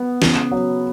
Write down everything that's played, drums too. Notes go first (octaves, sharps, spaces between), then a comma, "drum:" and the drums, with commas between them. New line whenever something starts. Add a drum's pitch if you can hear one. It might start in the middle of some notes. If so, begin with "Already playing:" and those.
Already playing: B3
C#3, drum: snare
F#3